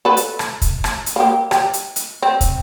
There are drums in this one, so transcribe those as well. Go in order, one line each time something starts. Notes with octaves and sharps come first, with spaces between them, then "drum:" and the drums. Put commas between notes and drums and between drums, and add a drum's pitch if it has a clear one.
A4 B4
drum: hi-hat
drum: rim click
drum: kick, hi-hat
drum: rim click
drum: hi-hat
A#3 G4
G4, drum: rim click
drum: hi-hat
drum: hi-hat
C4
drum: kick, hi-hat